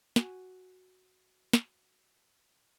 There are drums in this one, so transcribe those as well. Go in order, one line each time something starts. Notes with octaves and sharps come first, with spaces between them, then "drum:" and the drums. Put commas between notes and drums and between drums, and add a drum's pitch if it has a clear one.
F#4 G#5, drum: snare
drum: snare